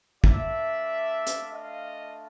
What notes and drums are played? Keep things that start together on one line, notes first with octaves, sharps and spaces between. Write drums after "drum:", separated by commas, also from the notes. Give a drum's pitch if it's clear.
A3 D4 F4 D5 E5, drum: kick
drum: hi-hat
D#5 F5